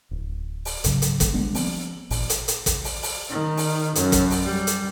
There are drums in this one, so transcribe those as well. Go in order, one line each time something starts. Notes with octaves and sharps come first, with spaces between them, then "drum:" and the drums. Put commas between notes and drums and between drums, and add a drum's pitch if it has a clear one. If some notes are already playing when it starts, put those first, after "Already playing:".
D1
drum: open hi-hat
A#1 G#2 C#3 F#3, drum: hi-hat
drum: hi-hat
F1 D3 A3, drum: kick, hi-hat
G3 G#3 B3 D4
F3 B3 C4, drum: open hi-hat
G#1 A#2, drum: open hi-hat
drum: hi-hat
drum: hi-hat
drum: kick, hi-hat
drum: open hi-hat
drum: open hi-hat
D#3
drum: open hi-hat
F#2, drum: hi-hat
drum: kick, hi-hat
drum: open hi-hat
G3
drum: hi-hat